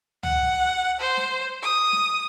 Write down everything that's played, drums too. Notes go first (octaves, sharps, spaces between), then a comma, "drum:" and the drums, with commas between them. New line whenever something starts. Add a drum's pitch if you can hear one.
F#5, drum: tom
C5
drum: snare
D#6
drum: snare